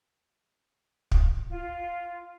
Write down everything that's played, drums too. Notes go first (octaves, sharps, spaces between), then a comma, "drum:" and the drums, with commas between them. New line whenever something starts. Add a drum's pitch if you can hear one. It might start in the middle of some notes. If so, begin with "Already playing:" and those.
drum: kick
F4